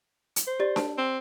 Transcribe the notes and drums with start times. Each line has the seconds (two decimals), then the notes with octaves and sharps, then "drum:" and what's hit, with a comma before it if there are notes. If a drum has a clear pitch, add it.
0.36 drum: hi-hat
0.47 C5
0.60 G4 D5 A6
0.76 A5, drum: snare D4
0.98 C4